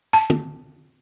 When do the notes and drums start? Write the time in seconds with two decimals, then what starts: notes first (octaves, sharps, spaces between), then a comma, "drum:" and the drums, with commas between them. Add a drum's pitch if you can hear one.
0.13 A5
0.30 drum: tom